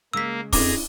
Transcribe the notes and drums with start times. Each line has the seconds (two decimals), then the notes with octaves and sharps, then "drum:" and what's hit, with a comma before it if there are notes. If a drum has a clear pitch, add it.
0.13 C#3 G#3 A#3 E6 B6
0.53 F2 C#4 D4 E4 G#4 A#5 D6, drum: kick C#1, open hi-hat